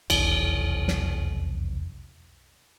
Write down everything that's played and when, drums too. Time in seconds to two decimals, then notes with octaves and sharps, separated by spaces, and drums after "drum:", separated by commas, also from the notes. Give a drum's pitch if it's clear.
0.10 F1 B1 E2, drum: cymbal
0.88 drum: snare